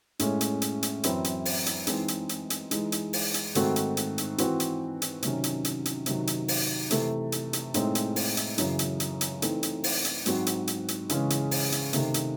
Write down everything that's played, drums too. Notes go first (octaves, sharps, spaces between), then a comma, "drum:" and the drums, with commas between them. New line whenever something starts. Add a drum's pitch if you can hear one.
A2 G#3 C#4, drum: hi-hat
drum: hi-hat
drum: hi-hat
drum: hi-hat
F#2 E3 C4 E4, drum: hi-hat
drum: hi-hat
drum: open hi-hat
drum: hi-hat
E3 G#3 C4 D#4 G#4, drum: hi-hat
drum: hi-hat
drum: hi-hat
drum: hi-hat
E3 G#3 D#4, drum: hi-hat
drum: hi-hat
drum: open hi-hat
drum: hi-hat
G#2 D#3 A3 C4 F#4, drum: hi-hat
drum: hi-hat
drum: hi-hat
drum: hi-hat
E3 C4 F#4, drum: hi-hat
drum: hi-hat
drum: hi-hat
C3 D#3 F#3 C#4, drum: hi-hat
drum: hi-hat
drum: hi-hat
drum: hi-hat
C3 D#3 F#3, drum: hi-hat
drum: hi-hat
drum: open hi-hat
C3 E3 A3, drum: hi-hat
drum: hi-hat
drum: hi-hat
A2 G#3 C4 D#4, drum: hi-hat
drum: hi-hat
drum: open hi-hat
drum: hi-hat
F#2 C#3 E3, drum: hi-hat
drum: hi-hat
drum: hi-hat
drum: hi-hat
E3 A3 C4 D#4, drum: hi-hat
drum: hi-hat
drum: open hi-hat
drum: hi-hat
G#2 F#3 C4 F#4, drum: hi-hat
drum: hi-hat
drum: hi-hat
drum: hi-hat
C#3 E3 G#3 C#4, drum: hi-hat
drum: hi-hat
drum: open hi-hat
drum: hi-hat
C3 D#3 A3, drum: hi-hat
drum: hi-hat